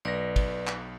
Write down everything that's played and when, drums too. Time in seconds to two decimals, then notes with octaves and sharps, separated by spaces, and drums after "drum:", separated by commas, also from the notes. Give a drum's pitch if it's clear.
0.05 B1 B4 D5 A#6
0.36 drum: kick, cymbal
0.67 drum: clap